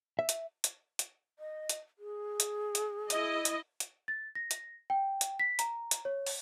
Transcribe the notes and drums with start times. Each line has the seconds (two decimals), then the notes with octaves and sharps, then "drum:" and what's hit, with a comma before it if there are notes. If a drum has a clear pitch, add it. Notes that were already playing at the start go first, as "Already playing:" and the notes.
0.19 E5
0.29 drum: hi-hat
0.64 drum: hi-hat
0.99 drum: hi-hat
1.39 D#5
1.69 drum: hi-hat
1.99 G#4
2.40 drum: hi-hat
2.75 drum: hi-hat
3.10 E4 D#5, drum: hi-hat
3.45 drum: hi-hat
3.80 drum: hi-hat
4.08 A6
4.35 A#6
4.51 drum: hi-hat
4.90 G5
5.21 drum: hi-hat
5.40 B6
5.59 A#5, drum: hi-hat
5.91 drum: hi-hat
6.05 C#5
6.26 drum: open hi-hat